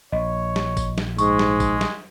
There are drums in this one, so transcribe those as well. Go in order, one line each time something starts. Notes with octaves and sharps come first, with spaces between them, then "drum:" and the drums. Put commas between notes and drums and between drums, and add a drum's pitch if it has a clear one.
A#1 C#5 D#5
drum: snare
drum: kick G#1, tambourine
drum: snare
G#2 G#3 C#6, drum: tambourine
drum: snare
drum: kick G#1, tambourine
drum: snare